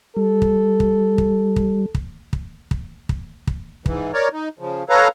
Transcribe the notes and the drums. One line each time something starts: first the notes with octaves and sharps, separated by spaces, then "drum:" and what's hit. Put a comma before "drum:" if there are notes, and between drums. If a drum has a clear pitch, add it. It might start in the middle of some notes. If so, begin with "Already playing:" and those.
G3 A4
drum: kick
drum: kick
drum: kick
drum: kick
drum: kick
drum: kick
drum: kick
drum: kick
drum: kick
G#2 E3, drum: kick
A#4 C#5 D5
D#4
C#3 F3
A4 B4 C#5 F5 A#5